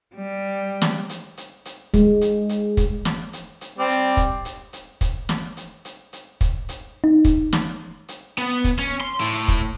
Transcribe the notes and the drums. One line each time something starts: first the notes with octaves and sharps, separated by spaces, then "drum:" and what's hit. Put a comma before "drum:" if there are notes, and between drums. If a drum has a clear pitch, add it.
G3
drum: snare
drum: hi-hat
drum: hi-hat
drum: hi-hat
G#3, drum: kick, hi-hat
drum: hi-hat
drum: hi-hat
drum: kick, hi-hat
drum: snare
drum: hi-hat
drum: hi-hat
G3 C4 D5
drum: hi-hat
drum: kick, hi-hat
drum: hi-hat
drum: hi-hat
drum: kick, hi-hat
drum: snare
drum: hi-hat
drum: hi-hat
drum: hi-hat
drum: kick, hi-hat
drum: hi-hat
D#4
drum: kick, hi-hat
drum: snare
drum: hi-hat
B3, drum: hi-hat
drum: kick, hi-hat
C#4
C6
A2, drum: hi-hat
drum: kick, hi-hat